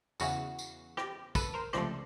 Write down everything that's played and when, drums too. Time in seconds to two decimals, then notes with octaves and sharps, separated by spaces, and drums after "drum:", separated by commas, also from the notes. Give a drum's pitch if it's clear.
0.20 E2 C#3 E3 F#4, drum: tambourine
0.59 drum: tambourine
0.97 G4, drum: rim click
1.35 A4 B4, drum: kick, tambourine
1.54 A#4 C5
1.73 C#2 C3 F3 A3 C5 D5, drum: rim click